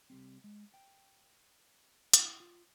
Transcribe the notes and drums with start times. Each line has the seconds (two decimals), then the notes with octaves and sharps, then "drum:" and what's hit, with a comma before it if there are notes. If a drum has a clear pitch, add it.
0.10 C2 G3 C4
0.44 G#3
0.74 G5
2.13 E4, drum: hi-hat
2.40 F4